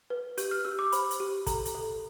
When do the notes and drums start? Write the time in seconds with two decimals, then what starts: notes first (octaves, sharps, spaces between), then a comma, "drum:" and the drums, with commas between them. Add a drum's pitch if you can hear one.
0.10 B4
0.38 G4 G6, drum: hi-hat
0.51 F6
0.65 G4 E6
0.79 D6
0.92 C5 B5, drum: hi-hat
1.11 drum: hi-hat
1.20 G4
1.47 A4 A#5, drum: kick, hi-hat
1.65 drum: hi-hat
1.75 A4